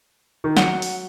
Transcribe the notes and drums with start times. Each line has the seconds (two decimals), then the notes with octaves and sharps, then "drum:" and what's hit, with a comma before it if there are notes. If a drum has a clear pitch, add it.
0.44 D#3
0.57 F#3 F#5 G7, drum: snare
0.82 drum: open hi-hat